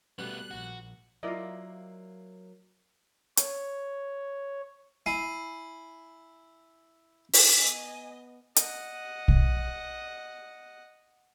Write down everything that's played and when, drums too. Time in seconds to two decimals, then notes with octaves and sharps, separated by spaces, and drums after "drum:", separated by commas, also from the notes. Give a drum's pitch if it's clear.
0.19 B2 G3 A3 B3 F#6
0.51 A#1 F#4
1.23 F#3 A#3 E4 F4 A#4 D5 D#5
3.37 C#5, drum: hi-hat
5.06 E4 G#5 C7 D#7
7.33 drum: open hi-hat
7.59 B3 D#5 G#5
8.56 D#5 F#5, drum: hi-hat
9.28 drum: kick